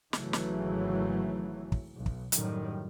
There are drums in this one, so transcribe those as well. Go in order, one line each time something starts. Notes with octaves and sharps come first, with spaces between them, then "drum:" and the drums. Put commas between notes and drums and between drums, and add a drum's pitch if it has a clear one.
G#1 C#3 E3 F#3 A3, drum: snare
drum: snare
drum: kick
B1
drum: kick
F#2 A2 D#3 G3, drum: hi-hat